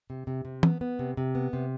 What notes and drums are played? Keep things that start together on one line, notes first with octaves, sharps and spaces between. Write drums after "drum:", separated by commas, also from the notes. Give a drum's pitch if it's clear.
C3
C3
C3
B3, drum: tom
B3
C3
C3
B3
C3